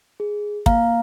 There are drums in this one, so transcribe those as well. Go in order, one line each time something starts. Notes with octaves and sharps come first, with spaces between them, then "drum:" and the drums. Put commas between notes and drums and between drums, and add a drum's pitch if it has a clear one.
G#4
A#3 F5 A#5, drum: kick